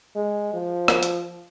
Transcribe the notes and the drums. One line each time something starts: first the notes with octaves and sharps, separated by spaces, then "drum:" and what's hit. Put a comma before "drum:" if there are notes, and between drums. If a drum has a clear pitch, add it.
G#3
F3
drum: rim click
drum: hi-hat